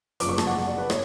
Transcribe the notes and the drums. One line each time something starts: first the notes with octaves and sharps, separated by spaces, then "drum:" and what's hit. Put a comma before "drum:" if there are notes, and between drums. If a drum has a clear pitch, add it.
F#1 F#2 F3 D6, drum: hi-hat
C#6
A5, drum: rim click
F#5
D5
B4
C#5, drum: rim click